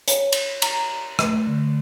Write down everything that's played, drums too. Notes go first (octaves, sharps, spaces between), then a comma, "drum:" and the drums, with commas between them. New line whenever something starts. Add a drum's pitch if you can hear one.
C#5, drum: hi-hat
drum: cymbal
A#5, drum: cymbal
A3, drum: rim click
D3